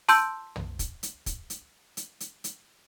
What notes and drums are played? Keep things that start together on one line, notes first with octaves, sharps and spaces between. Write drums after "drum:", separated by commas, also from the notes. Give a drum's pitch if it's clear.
A5 C6 E6 G6 D7, drum: open hi-hat
drum: tom
drum: kick, hi-hat
drum: hi-hat
drum: kick, hi-hat
drum: hi-hat
drum: hi-hat
drum: hi-hat
drum: hi-hat